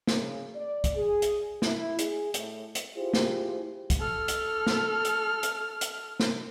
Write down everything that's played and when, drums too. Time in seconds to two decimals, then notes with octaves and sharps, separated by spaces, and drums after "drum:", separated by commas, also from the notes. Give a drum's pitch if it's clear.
0.07 drum: snare
0.17 C#3
0.55 D5
0.84 drum: kick, hi-hat
0.95 G#4
1.22 drum: hi-hat
1.62 E4, drum: snare
1.99 G#4, drum: hi-hat
2.34 A2, drum: hi-hat
2.75 drum: hi-hat
2.96 E4 F4 G4 G#4 C5
3.14 drum: snare
3.90 drum: kick, hi-hat
3.99 A4 F6
4.28 drum: hi-hat
4.67 drum: snare
5.05 drum: hi-hat
5.43 drum: hi-hat
5.81 drum: hi-hat
6.20 drum: snare